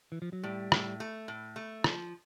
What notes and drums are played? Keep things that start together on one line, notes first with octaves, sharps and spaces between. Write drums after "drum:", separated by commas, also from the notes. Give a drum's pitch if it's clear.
E3
F3
F#3
A2 G3
A2, drum: rim click
A3
A2
A3
F3, drum: rim click